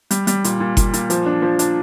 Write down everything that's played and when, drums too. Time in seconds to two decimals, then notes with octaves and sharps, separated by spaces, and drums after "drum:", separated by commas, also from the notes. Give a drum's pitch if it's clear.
0.11 G3, drum: hi-hat
0.27 G3, drum: hi-hat
0.44 A#2, drum: hi-hat
0.60 A#2
0.77 A#2, drum: kick F#1, hi-hat
0.94 A#2, drum: hi-hat
1.10 F3, drum: hi-hat
1.26 D4
1.42 F3
1.59 D4, drum: hi-hat